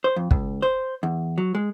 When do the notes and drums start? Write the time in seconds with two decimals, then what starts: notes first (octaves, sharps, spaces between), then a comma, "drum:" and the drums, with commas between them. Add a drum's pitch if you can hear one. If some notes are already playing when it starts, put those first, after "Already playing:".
0.04 C5
0.16 F2
0.31 C#2, drum: kick
0.62 C5
1.03 E2
1.38 F#3
1.55 G#3